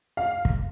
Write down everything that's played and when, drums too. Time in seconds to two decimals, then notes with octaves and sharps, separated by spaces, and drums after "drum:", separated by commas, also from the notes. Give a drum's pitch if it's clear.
0.17 F5
0.45 drum: kick